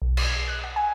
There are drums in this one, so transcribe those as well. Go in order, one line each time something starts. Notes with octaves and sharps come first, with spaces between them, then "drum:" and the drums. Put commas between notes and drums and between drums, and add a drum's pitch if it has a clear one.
B1
G#6, drum: cymbal
C7
F#6
F#5
G#5